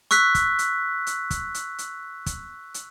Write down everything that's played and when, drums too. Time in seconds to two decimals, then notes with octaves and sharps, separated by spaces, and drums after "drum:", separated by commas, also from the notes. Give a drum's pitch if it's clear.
0.11 C#6 E6 F#6 B6, drum: hi-hat
0.35 drum: kick, hi-hat
0.59 drum: hi-hat
1.07 drum: hi-hat
1.31 drum: kick, hi-hat
1.54 drum: hi-hat
1.78 drum: hi-hat
2.26 drum: kick, hi-hat
2.74 drum: hi-hat